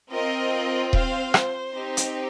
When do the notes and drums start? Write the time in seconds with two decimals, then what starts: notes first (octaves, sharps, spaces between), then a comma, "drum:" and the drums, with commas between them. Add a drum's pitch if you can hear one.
0.11 C4 F4 A#4 D#5
0.93 C5 F5, drum: kick D#1
1.34 C5, drum: rim click
1.75 C4 D#4 G4
1.97 drum: hi-hat